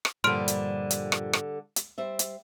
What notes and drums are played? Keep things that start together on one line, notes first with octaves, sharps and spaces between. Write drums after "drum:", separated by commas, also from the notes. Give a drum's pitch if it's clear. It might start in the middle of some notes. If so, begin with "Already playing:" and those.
drum: rim click
G2 A#2 D3 F3 G3 C6 F6 D7
drum: hi-hat
drum: hi-hat
drum: rim click
drum: rim click
drum: hi-hat
G3 C5 E5
drum: hi-hat